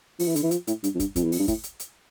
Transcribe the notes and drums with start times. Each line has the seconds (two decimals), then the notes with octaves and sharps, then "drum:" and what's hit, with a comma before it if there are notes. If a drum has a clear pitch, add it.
0.19 F3, drum: open hi-hat
0.28 E3
0.36 D3, drum: hi-hat
0.43 E3
0.51 F3, drum: hi-hat
0.67 A2, drum: hi-hat
0.84 G2, drum: hi-hat
0.95 F2
1.00 G2, drum: kick, hi-hat
1.16 F2, drum: kick, hi-hat
1.24 E2
1.32 F2, drum: open hi-hat
1.39 G2
1.48 A2, drum: kick, hi-hat
1.64 drum: hi-hat
1.80 drum: hi-hat